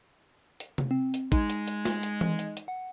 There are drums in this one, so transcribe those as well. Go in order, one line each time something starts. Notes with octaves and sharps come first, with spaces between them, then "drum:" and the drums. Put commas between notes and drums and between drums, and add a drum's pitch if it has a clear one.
drum: hi-hat
drum: tom C3
C4
drum: hi-hat
G#3 D#4, drum: kick, hi-hat
drum: hi-hat
drum: hi-hat
drum: snare
drum: hi-hat
drum: tom E3
drum: hi-hat
drum: hi-hat
F#5